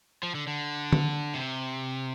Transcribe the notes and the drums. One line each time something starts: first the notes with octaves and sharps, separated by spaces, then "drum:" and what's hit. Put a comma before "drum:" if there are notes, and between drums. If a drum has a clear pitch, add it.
F3
D3
D3
drum: tom D3
C3